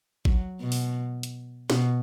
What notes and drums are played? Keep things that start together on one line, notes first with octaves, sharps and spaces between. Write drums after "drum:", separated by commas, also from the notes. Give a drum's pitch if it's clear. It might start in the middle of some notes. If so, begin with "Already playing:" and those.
F#3, drum: kick
B2
drum: open hi-hat
drum: hi-hat
B2, drum: snare